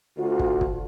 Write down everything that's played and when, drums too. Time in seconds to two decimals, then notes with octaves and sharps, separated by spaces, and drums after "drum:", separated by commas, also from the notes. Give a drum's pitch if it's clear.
0.18 D2 F4 F#4
0.39 drum: kick
0.61 drum: kick